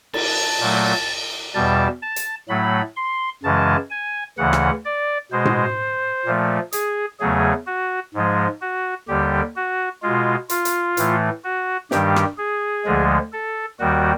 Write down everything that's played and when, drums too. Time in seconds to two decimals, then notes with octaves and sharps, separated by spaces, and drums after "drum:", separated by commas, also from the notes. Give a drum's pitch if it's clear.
0.14 A5, drum: cymbal
0.60 A#2 F#3 A3
1.54 E2 B2 G3 A5
2.02 A5
2.16 drum: hi-hat
2.49 A2 F#3 A3 B5
2.97 C6
3.43 F#2 C#3 E3 G#3 A5
3.91 G#5
4.38 D2 C#3 E3 F#5
4.53 drum: rim click
4.85 D5
5.32 B2 G#3 C5
5.45 drum: tom A2
6.26 A#2 F3 A3
6.73 G#4, drum: hi-hat
7.20 E2 C#3 F#3 A3 G#4
7.67 F#4
8.14 G#2 F3 G#3
8.61 F#4
9.08 D#2 D3 G3 G4
9.56 F#4
10.02 B2 G#3 F4
10.50 F4, drum: hi-hat
10.65 drum: hi-hat
10.97 A2 E3 A3, drum: hi-hat
11.44 F#4
11.91 G2 D#3 G3 G4, drum: snare
12.16 drum: rim click
12.38 G#4
12.85 D2 D3 F3 G#3
13.33 A4
13.79 D#2 D#3 G3 F#4